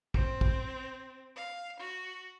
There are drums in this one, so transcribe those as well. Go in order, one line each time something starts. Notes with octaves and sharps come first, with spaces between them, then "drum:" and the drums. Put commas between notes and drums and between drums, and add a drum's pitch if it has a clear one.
C4, drum: kick
drum: kick
F5
F#4